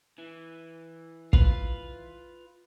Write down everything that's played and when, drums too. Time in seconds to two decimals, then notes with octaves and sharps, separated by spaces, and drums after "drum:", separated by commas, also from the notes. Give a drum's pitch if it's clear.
0.18 E3
1.33 F4 B4, drum: kick